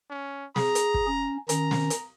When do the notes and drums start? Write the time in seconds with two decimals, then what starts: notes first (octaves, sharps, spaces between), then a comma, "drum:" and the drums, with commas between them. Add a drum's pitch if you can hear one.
0.10 C#4
0.56 G#4 A#5, drum: snare
0.75 drum: hi-hat
0.94 drum: kick
1.06 C#4
1.49 D#3 C#4 A#5, drum: hi-hat
1.71 drum: snare
1.90 drum: hi-hat